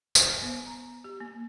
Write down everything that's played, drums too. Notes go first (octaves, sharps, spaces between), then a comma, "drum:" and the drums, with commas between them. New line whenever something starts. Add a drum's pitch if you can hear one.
C5, drum: tambourine
B3
A#5
G4
A#3